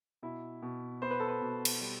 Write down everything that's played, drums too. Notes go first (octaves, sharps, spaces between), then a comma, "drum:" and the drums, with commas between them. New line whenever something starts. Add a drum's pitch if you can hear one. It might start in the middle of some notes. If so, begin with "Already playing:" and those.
B2 E4
B2
B3 C5
B4
A4
B4
B2
drum: cymbal
G3